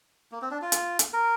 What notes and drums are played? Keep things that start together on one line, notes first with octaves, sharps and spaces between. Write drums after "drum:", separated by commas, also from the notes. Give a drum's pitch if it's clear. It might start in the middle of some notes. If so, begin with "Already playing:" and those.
A#3
C4
D4
F4
drum: hi-hat
drum: hi-hat
A#4